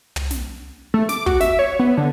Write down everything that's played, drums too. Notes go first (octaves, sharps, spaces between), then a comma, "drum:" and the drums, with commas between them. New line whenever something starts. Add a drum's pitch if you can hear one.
drum: tom
drum: snare
A3
D6, drum: snare
F#4, drum: kick
E5, drum: snare
C#5
B3
D3